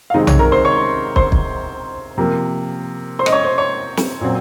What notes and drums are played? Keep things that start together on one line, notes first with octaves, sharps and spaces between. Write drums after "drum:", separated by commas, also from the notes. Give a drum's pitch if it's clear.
F5
C3 D#3 G#3 C4 D#4 D#5
C#5, drum: tom B1
A#4 A#5
C5 C6
C#5 C#6
C5 C6, drum: kick
drum: kick
C3 F3 A#3
C5 C6
D#5, drum: rim click
C#5
C5
C#5
drum: snare
A#2 F#3 C4